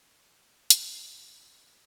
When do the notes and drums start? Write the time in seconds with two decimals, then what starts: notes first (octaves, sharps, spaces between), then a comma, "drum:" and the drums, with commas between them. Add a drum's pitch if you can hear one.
0.28 G#3
0.59 A#3
0.70 drum: hi-hat
0.89 B3
1.18 A#3